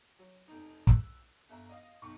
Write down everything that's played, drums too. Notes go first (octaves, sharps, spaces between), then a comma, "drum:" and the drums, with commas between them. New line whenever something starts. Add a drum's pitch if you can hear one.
F#3
F1 D#4
E6 F#6, drum: kick
G1 E5 A#5
D#5 F5
B1 D#4 C#6